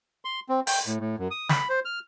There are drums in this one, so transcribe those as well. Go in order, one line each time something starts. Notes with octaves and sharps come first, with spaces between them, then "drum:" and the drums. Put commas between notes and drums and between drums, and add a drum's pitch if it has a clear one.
C6
C4
G5, drum: open hi-hat
A2
A2
F#2
D#6
B5, drum: snare
C5
F6